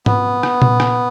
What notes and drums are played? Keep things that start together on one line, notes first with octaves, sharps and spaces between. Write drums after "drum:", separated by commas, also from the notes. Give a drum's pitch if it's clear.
B3, drum: tom G#2
drum: rim click
drum: tom A#2
drum: rim click